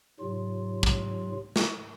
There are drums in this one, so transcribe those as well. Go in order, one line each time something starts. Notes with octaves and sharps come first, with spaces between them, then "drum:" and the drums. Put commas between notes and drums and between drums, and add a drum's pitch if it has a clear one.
G#2 C3 F#3 F4
drum: kick
drum: snare